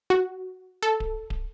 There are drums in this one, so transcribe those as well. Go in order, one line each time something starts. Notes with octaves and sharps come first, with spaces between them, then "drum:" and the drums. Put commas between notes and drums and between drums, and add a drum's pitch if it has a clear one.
F#4
A4
drum: kick D1
drum: kick D1